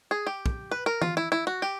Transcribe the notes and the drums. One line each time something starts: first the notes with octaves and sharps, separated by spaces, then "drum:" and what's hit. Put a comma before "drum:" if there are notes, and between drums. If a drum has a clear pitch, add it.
G#4
G4
drum: kick
B4
A#4
F4, drum: tom E3
E4
E4
F#4
G4